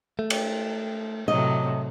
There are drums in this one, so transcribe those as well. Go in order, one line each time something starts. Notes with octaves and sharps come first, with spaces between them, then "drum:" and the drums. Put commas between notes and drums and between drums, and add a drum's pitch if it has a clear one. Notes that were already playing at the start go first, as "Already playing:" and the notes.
A3
drum: cymbal
A2 C3 F#3 D#5